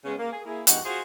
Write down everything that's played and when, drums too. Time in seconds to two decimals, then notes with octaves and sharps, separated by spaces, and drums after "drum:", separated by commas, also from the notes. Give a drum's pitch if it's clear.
0.05 C#3 G#3 B3 C#4
0.19 A#3
0.33 G#4
0.46 A#3 E4 G#4
0.67 E2 G2 D#4 F#4 G4 F#5, drum: hi-hat
0.85 F4 F#4 G#4 C5